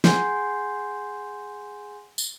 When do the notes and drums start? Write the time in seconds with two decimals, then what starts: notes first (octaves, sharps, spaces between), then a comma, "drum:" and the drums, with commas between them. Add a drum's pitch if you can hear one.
0.04 G#4 F#5 G#5 C6 G6, drum: snare
2.18 drum: tambourine